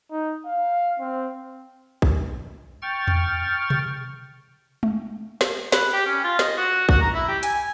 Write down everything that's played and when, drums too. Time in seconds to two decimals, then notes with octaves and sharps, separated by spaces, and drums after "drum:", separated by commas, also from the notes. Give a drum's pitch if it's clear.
0.11 D#4
0.46 F5
1.00 C4
2.02 drum: kick
2.82 G5 C#6 F6 A6
3.08 drum: tom E2
3.70 drum: tom B2
4.83 drum: tom G#3
5.41 drum: snare
5.72 B4, drum: snare
5.93 G4
6.06 C#4
6.23 F4
6.39 D#5, drum: snare
6.57 F#4
6.89 F#4, drum: kick
7.01 A#5
7.14 E4
7.28 G4
7.43 G#5, drum: hi-hat